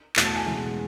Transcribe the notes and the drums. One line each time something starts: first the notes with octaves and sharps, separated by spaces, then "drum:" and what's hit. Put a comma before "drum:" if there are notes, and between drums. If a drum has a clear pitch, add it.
E2 B2 A3, drum: clap
A5
G#5
E2 C#3 E3 G#3 B3